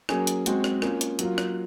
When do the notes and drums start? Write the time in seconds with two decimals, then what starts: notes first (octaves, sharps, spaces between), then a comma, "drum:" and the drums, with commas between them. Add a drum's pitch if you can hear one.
0.09 F#3 A#3 C#4 G#4, drum: rim click
0.27 drum: hi-hat
0.46 G#3 C4 F#4, drum: hi-hat
0.64 drum: rim click
0.82 A#3 C#4 F4, drum: rim click
1.01 drum: hi-hat
1.19 F#3 A#3 F4, drum: hi-hat
1.38 drum: rim click